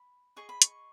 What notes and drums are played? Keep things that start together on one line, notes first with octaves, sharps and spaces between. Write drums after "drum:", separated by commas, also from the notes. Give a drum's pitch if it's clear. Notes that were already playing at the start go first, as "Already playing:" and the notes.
Already playing: B5
G#4 D#5 C#6
B5
C#6, drum: hi-hat